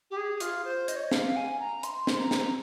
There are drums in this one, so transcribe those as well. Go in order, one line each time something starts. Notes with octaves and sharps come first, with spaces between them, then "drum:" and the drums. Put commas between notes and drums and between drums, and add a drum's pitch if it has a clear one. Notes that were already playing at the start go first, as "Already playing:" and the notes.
G4
G#4
F4, drum: hi-hat
C5
D#5, drum: hi-hat
C#5
D#5
F5, drum: snare
G#5
A#5
C6, drum: hi-hat
drum: snare
A#5
drum: snare